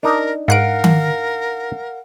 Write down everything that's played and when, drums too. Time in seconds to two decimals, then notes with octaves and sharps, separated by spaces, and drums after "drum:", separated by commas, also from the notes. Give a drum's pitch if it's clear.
0.03 D4 D#4 A#4
0.48 G#2 A#4 F5 F#5 F#6 D7
0.84 drum: tom D#3